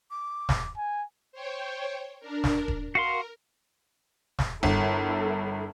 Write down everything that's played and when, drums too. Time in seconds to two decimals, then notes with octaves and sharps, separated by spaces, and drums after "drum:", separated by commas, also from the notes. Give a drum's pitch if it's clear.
0.11 D6
0.49 drum: snare
0.77 G#5
1.32 C5 C#5 G5
2.20 D4 A#4
2.44 drum: snare
2.68 drum: kick D#1
2.95 F#4 A#4 F5 C6
4.39 drum: snare
4.63 G1 E4 A4 A#4, drum: kick D#1